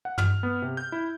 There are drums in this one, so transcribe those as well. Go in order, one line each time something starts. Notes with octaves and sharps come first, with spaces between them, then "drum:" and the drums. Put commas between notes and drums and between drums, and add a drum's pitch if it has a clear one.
F#5
F6, drum: tom
B3
C3
G6
E4